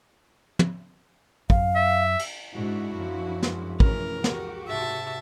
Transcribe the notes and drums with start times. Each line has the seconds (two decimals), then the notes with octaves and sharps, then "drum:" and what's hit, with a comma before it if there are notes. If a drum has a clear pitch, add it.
0.59 drum: tom
1.50 F#2 F5, drum: kick
1.75 E5
2.19 drum: cymbal
2.54 G#2 D4 E4 F#4
2.96 F#2 F3 A#3
3.43 G#3 F4, drum: snare
3.80 B2 E3 A3 C#4 A#4, drum: kick
4.24 C#2 F#4 G4, drum: snare
4.68 G#2 C3 E5 A5